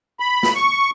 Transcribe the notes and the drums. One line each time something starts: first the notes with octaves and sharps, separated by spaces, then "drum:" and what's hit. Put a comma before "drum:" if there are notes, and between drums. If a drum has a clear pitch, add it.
B5
drum: snare
C#6